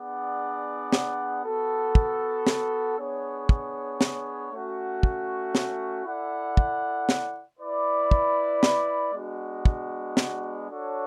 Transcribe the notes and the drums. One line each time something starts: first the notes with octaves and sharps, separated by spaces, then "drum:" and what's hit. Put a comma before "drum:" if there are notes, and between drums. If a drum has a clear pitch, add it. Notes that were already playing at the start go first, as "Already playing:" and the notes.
Already playing: B3 D4 G#4 D5 F#5
drum: snare
B3 F#4 A4
drum: kick
drum: snare
B3 D4 G#4 C#5
drum: kick
drum: snare
A3 C#4 F#4
drum: kick
drum: snare
E4 A4 D5 F#5
drum: kick
drum: snare
E4 B4 D5
drum: kick
drum: snare
G#3 B3 D4 F#4
drum: kick
drum: snare
D4 F#4 A4 C#5